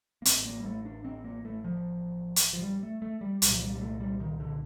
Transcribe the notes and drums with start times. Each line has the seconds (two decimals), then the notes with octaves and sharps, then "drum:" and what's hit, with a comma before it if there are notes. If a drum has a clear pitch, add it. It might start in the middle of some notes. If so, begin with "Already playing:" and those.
0.22 A#3
0.25 A1 A2 C4, drum: hi-hat
0.45 A#3
0.60 G3
0.66 A3
0.85 D4
1.04 C4
1.24 A#3
1.45 A3
1.64 F3
2.36 drum: hi-hat
2.53 F3
2.62 G3
2.83 A3
3.02 A3
3.21 G3
3.42 C2 A#2 G3, drum: hi-hat
3.53 F3
3.62 G3
3.75 G3
3.81 A3
4.00 G3
4.20 D#3
4.40 D3